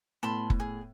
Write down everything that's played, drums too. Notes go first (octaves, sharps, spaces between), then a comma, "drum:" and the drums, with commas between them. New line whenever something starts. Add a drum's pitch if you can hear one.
A2 B3 A5 B5 C6
drum: kick F#1
G#4